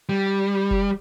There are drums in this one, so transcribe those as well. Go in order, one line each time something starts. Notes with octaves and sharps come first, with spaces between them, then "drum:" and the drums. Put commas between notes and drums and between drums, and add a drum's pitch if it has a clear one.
G3
drum: kick F1